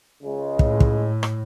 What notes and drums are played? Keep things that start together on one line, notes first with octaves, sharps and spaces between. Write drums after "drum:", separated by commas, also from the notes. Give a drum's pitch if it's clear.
C#2 C#3 G#3
A2, drum: kick
drum: kick
drum: rim click